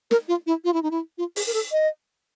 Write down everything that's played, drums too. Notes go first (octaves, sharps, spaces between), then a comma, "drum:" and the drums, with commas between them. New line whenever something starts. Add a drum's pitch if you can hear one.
A#4, drum: snare
F4
E4
F4
E4
D#4
E4
F4
G#4, drum: open hi-hat
A#4
A4
D#5